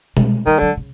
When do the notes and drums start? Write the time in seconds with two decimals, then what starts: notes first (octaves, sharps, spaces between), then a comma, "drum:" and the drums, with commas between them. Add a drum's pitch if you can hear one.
0.17 G#3, drum: tom B2
0.46 D#3 G3
0.59 D3 F#3
0.77 C#3